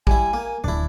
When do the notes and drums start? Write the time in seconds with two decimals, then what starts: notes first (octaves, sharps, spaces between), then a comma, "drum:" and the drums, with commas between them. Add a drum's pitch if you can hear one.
0.07 G3 E4 G#5, drum: kick
0.33 A#3
0.64 D1 D4 E4